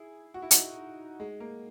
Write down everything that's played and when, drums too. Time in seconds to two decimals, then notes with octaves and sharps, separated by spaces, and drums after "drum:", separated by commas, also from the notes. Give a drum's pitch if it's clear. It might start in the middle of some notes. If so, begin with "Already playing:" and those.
Already playing: E4 G#4
0.34 F#4
0.42 E4
0.51 D#4 F#4, drum: hi-hat
1.20 G#3
1.40 A#3